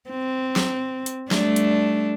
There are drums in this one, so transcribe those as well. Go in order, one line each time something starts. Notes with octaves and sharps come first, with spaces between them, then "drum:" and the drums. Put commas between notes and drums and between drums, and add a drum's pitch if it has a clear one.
C4
drum: snare
drum: hi-hat
G3 A3 D4, drum: snare
drum: hi-hat